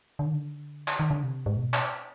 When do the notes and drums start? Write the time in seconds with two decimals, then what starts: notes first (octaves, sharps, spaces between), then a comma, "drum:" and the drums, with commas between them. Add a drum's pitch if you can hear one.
0.19 D3
0.26 D#3
0.34 D3
0.88 drum: clap
0.99 D#3
1.11 D3
1.23 C3
1.46 G#2
1.57 B2
1.74 drum: clap